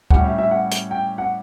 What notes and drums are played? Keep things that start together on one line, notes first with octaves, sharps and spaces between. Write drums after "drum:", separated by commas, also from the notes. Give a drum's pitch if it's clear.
A2 G3 C#4 G4 F#5, drum: kick
E5
E5
F#5
drum: hi-hat
G5
F#5